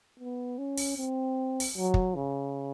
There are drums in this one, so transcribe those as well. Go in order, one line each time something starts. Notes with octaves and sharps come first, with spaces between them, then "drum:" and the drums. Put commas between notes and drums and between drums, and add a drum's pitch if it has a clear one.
B3
C#4
drum: open hi-hat
C4
drum: open hi-hat
F#3
drum: kick
C#3